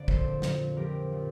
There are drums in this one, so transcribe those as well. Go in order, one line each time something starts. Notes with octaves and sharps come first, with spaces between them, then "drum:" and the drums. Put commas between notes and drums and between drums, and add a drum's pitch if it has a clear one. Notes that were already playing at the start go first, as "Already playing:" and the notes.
Already playing: F2 D3 D5
A#2 F3 A4 C5, drum: kick
A#2 F3, drum: snare
A#2 F3 G4 A#4
A#2 F3